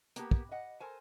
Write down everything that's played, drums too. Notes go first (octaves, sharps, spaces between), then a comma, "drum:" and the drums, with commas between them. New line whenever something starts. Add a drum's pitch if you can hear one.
A#3 B3 G4, drum: hi-hat
drum: kick
D#5 F#5
A4 A#4 C5 G#5